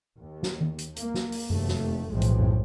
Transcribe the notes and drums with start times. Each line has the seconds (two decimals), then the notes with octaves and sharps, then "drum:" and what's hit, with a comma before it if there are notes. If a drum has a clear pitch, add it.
0.18 D#2
0.43 drum: snare
0.61 drum: tom D#3
0.79 drum: hi-hat
0.96 A#3, drum: hi-hat
1.14 drum: snare
1.32 drum: open hi-hat
1.50 F1 D#2 A3, drum: tom F#2
1.68 drum: snare
2.10 B1 A2 E3 F3 G#3 C4
2.22 drum: hi-hat
2.39 drum: tom F#2